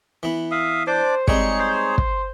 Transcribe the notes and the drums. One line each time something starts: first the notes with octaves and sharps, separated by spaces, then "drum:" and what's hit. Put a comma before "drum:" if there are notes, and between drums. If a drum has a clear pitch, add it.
E3 B3
E5 F5 D#6
D4 C5 D5 D6
G3 G#3 C4 D#4 G#4 C#5 C#7, drum: kick
C5
drum: kick